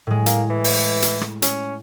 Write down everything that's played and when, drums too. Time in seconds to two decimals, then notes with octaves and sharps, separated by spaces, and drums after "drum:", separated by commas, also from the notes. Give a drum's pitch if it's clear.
0.07 A2 G#3
0.26 A#3, drum: hi-hat
0.50 E3
0.64 drum: open hi-hat
1.02 drum: hi-hat
1.21 drum: rim click
1.42 C#4, drum: hi-hat